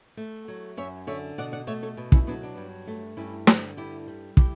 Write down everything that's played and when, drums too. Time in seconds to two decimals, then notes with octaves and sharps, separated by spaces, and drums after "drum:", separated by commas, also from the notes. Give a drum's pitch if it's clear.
0.17 A3
0.48 F#3
0.77 F#2 C#5 E5
1.07 D3 C#5 E5
1.38 B2 D5 F#5
1.52 D5 F#5
1.67 A3 C#5 E5
1.82 A4 C#5
1.97 B2
2.12 C#4 E4, drum: kick
2.27 F#3 B3 D4
2.43 B3 D4
2.57 G2
2.87 A3
3.17 G2 C#4 E4
3.47 D3, drum: snare
3.77 G2 E4 G4
4.08 G3
4.37 E4 G4, drum: kick